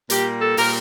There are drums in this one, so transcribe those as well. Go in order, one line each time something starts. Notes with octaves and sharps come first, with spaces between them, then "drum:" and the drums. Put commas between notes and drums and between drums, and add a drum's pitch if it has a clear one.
A#2 G3 A#3 G4, drum: hi-hat
A4
A#2 G3 A#3 A#4, drum: open hi-hat